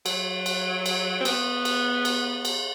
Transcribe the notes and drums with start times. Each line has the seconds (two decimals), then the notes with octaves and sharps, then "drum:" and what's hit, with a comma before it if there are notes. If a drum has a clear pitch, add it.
0.06 F#3, drum: cymbal
0.46 drum: cymbal
0.86 drum: cymbal
1.21 C4
1.25 B3, drum: cymbal
1.65 drum: cymbal
2.05 drum: cymbal
2.45 drum: cymbal